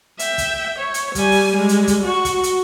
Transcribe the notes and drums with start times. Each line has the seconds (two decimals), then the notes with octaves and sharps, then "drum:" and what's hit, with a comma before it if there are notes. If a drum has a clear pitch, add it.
0.19 E5 G5, drum: hi-hat
0.38 drum: kick, hi-hat
0.79 C#5
0.94 drum: hi-hat
1.15 G3 G#5, drum: kick, hi-hat
1.31 drum: open hi-hat
1.56 G3 G#3
1.69 drum: hi-hat
1.87 drum: kick, hi-hat
2.04 F#4 C#6
2.25 drum: kick, hi-hat
2.43 drum: hi-hat